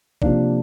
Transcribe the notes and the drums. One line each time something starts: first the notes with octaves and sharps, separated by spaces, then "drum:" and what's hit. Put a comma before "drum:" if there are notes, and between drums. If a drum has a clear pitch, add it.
C3 F3 A#3 D4, drum: kick A#1